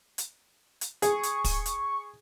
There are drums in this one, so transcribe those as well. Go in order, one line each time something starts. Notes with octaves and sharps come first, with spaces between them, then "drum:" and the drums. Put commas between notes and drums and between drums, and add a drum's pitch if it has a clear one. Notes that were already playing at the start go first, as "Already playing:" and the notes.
drum: hi-hat
drum: hi-hat
G#4 C#6, drum: hi-hat
drum: hi-hat
drum: kick, open hi-hat
drum: hi-hat